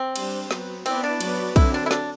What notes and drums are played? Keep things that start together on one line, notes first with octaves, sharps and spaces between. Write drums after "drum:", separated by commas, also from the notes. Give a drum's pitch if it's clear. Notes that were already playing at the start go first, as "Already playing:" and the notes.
Already playing: C4
G3 D4 G4 C5, drum: cymbal
F#3 B3 F#4, drum: snare
B3 C4 E4 B4 D5, drum: cymbal
D4
F#3 B3 F#4 B4 D5, drum: cymbal
D3 F#3 C4 E4, drum: kick, cymbal
D4
E4
D4, drum: snare